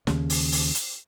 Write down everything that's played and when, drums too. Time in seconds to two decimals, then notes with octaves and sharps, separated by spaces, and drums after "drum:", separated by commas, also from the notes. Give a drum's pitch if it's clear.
0.07 D#2 C#3, drum: snare
0.30 drum: open hi-hat
0.52 drum: open hi-hat
0.75 drum: hi-hat